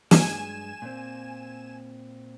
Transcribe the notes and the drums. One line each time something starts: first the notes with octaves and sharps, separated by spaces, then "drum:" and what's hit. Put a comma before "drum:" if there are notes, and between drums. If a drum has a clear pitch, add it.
G2 F#3 G#3 G#5 E7, drum: snare
A#2 C4